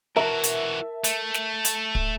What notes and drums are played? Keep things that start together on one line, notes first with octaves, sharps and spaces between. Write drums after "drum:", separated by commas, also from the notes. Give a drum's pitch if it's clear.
E3 F#4 A#4 E5 A5
drum: hi-hat
A3, drum: hi-hat
drum: snare
drum: hi-hat
drum: kick